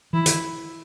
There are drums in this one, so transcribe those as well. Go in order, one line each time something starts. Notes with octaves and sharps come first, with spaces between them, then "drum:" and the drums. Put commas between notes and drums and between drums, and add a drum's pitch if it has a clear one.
E3 E4
D#3, drum: hi-hat